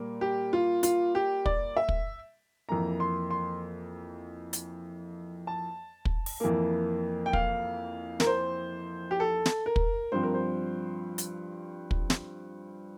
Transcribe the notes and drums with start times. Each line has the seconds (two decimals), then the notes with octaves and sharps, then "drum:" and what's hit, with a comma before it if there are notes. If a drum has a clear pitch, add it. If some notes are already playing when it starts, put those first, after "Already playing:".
Already playing: A#2 G3 A#3
0.21 G4
0.53 F4
0.83 F4, drum: hi-hat
1.15 G4
1.46 D5, drum: kick
1.77 E5
1.89 drum: kick
2.69 F2 E3 A#3 A#5
3.00 C6
3.31 C6
4.53 drum: hi-hat
5.47 A5
6.05 drum: kick
6.26 drum: open hi-hat
6.40 F2 E3 A#3
7.26 G5
7.33 F5, drum: kick
8.20 A#4, drum: snare
8.27 C5
9.11 G4
9.20 A4
9.46 drum: snare
9.66 A#4
9.76 drum: kick
10.12 G2 F3 C4 C5
10.23 A#4
10.34 C5
11.18 drum: hi-hat
11.91 drum: kick
12.10 drum: snare